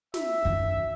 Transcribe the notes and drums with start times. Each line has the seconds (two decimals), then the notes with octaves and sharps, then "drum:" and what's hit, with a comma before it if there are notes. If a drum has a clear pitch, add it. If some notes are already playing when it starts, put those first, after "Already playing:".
0.14 E5, drum: snare
0.45 F#2 D#3